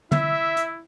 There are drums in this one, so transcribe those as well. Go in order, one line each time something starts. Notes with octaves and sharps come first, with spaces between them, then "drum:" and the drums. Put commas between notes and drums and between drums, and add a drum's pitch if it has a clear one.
E4 E5, drum: tom
drum: hi-hat